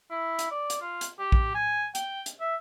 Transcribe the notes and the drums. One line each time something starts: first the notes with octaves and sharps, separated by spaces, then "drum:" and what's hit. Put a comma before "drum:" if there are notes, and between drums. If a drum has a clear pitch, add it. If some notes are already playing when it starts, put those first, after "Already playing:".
E4
drum: hi-hat
D5
drum: hi-hat
F4
drum: hi-hat
G4
drum: kick A#1
G#5
G5, drum: hi-hat
drum: hi-hat
E5